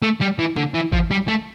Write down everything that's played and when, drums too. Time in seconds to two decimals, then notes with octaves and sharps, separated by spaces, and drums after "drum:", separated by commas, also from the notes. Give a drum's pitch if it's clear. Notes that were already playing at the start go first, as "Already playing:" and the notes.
0.02 A3
0.21 G3
0.39 E3
0.56 D3, drum: tom
0.74 E3
0.92 F3, drum: kick G#1
1.11 G3
1.28 A3